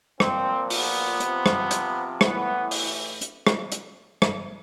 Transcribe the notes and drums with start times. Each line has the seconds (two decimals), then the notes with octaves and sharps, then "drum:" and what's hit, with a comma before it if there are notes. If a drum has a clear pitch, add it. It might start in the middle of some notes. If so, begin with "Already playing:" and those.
0.20 A#2 F3 C4, drum: rim click
0.70 B3, drum: open hi-hat
1.20 C3 F3, drum: hi-hat
1.46 drum: rim click
1.71 drum: hi-hat
2.21 A2 E3 B3, drum: rim click
2.71 drum: open hi-hat
3.21 drum: hi-hat
3.47 drum: rim click
3.72 drum: hi-hat
4.22 drum: rim click